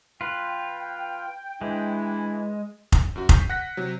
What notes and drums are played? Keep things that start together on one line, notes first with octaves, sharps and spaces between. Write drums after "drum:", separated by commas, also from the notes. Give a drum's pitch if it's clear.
F4 B4 G5
E3 G#3 D4 E4
drum: kick F1
F#2 F#4
C#6 G6 B6 C7 D#7, drum: kick F1
F#5 F#6 A#6 B6
C3 F#3